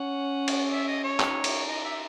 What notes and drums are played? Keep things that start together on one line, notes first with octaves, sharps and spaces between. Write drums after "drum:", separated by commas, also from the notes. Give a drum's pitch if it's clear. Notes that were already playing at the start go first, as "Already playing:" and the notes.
Already playing: C#4 F#5
drum: cymbal
E5
D#5
C#5
D#4, drum: clap
drum: cymbal
D#5
E5